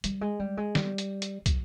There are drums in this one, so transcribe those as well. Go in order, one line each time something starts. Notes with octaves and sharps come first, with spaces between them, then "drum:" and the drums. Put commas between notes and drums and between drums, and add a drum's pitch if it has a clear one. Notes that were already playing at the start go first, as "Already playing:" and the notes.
G3, drum: hi-hat
G#3
G3
G#3
G3, drum: snare
drum: hi-hat
drum: hi-hat
F#3, drum: kick, hi-hat